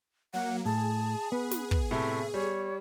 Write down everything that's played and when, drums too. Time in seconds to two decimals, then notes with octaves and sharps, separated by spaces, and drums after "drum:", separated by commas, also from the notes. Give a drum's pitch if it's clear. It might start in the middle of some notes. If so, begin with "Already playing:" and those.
0.33 F#3 A#3 F#5
0.65 A2 G#4 A5
1.32 B3 B4
1.51 drum: snare
1.71 drum: kick
1.91 A2 C3 A3 E5
2.34 G3 C#5